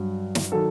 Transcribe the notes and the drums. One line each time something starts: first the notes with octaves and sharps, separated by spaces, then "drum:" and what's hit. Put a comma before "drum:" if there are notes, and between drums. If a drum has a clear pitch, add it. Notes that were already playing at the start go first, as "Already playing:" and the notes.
Already playing: G2 F#3
drum: snare
D#3 F#3 A4